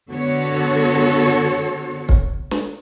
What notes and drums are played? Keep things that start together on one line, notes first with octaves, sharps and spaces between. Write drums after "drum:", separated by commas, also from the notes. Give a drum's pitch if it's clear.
D3 B3 F#4 A4 C#5
drum: kick
drum: snare